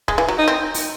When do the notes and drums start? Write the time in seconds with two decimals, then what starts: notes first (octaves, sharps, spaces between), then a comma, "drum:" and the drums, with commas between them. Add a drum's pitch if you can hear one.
0.08 G#3, drum: kick
0.18 E3
0.28 F#3
0.39 D#4
0.48 C4
0.74 drum: open hi-hat